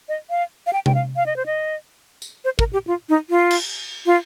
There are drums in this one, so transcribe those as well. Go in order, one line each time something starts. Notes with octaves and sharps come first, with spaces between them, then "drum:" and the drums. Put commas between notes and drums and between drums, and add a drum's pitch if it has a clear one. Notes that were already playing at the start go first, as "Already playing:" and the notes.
D#5
F5
F5
G5
G5, drum: tom C3
F5
F5
D#5
C5
D#5
drum: tambourine
C5
A#4, drum: kick
G4
F4
D#4
F4
drum: cymbal
F4